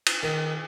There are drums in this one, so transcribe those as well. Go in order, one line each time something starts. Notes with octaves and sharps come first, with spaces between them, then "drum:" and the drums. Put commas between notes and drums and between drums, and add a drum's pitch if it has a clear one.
drum: cymbal
D#3